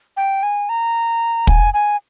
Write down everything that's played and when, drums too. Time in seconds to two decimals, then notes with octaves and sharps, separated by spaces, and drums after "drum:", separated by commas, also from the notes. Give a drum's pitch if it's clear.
0.17 G5
0.43 G#5
0.69 A#5
1.47 G#5, drum: kick
1.74 G#5